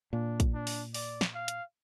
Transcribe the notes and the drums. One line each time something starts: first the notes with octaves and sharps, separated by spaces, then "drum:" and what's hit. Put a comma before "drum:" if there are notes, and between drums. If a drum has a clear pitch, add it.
A#2 D4
drum: kick, hi-hat
D4
drum: open hi-hat
D5, drum: open hi-hat
drum: snare
F5
drum: hi-hat